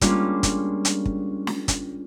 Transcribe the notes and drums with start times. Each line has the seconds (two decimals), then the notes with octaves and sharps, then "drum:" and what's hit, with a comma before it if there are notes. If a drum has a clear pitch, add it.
0.01 G3 G#3 A#3 C#4 D4 F4, drum: kick, hi-hat
0.43 drum: kick, hi-hat
0.85 drum: hi-hat
1.06 drum: kick
1.47 drum: snare
1.68 drum: kick, hi-hat